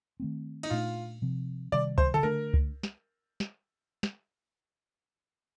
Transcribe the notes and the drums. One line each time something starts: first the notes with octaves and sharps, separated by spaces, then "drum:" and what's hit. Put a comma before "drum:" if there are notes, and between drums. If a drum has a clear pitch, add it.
D#3 A3 C4
D#4, drum: cymbal
A#2 A3 D4 F4
C3 F3 C4
C3 D#3 G3 D5
C5, drum: kick C#2
A4, drum: tom C#3
D3 A3 D4 A#4
drum: kick C#2
drum: snare
drum: snare
drum: snare